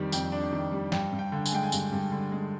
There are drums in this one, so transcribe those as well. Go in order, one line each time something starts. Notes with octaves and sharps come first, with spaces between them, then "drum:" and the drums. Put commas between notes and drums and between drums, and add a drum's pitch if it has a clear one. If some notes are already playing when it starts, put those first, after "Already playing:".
Already playing: F2 D#3 G3 D4
F2 G5, drum: tambourine
D4
D#3
G3
G2 G5, drum: snare
G2
G5
D3
G#5, drum: tambourine
G#3 G5
G#5
G2, drum: tambourine
G2
D3
G#3